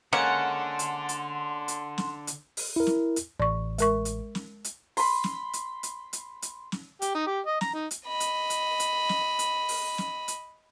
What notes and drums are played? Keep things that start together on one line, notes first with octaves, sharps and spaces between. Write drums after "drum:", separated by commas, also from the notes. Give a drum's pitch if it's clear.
D3 G#3 A#3 C#4 F#5 C6
drum: hi-hat
drum: hi-hat
drum: hi-hat
drum: snare
drum: hi-hat
drum: open hi-hat
E4 A#4
drum: snare
drum: hi-hat
A1 D5 C#6
G#3 A#4 C#6, drum: hi-hat
drum: hi-hat
drum: snare
drum: hi-hat
B5 C6, drum: open hi-hat
drum: snare
drum: hi-hat
drum: hi-hat
drum: hi-hat
drum: hi-hat
drum: snare
G4, drum: hi-hat
D#4
G4
D#5
A#5, drum: snare
D#4
drum: hi-hat
D#5 B5
drum: hi-hat
drum: hi-hat
drum: hi-hat
drum: snare
drum: hi-hat
drum: open hi-hat
drum: snare
drum: hi-hat